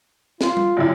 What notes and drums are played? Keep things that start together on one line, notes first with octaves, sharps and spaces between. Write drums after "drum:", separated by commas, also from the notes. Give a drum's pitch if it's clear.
F4, drum: snare
drum: tom G3
F#2 C3 E4